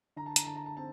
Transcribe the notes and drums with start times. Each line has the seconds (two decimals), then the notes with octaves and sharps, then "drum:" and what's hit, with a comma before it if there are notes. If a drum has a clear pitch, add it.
0.16 D3 A#5
0.26 A5
0.36 A#5, drum: hi-hat
0.46 D3 A5
0.56 A#5
0.66 A5
0.77 C4 A5